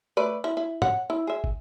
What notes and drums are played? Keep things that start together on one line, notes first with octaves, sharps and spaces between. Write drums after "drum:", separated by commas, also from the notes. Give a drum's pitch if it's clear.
A3 B4 D5
E4
E4
C#5 F#5, drum: tom
E4
G#4 E5
drum: kick